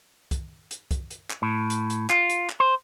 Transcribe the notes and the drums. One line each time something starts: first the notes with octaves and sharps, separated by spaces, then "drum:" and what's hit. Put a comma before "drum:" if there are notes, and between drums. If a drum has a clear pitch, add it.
drum: kick, hi-hat
drum: hi-hat
drum: kick, hi-hat
drum: hi-hat
drum: clap
A2
drum: hi-hat
drum: hi-hat
F4, drum: clap
drum: hi-hat
drum: clap
C5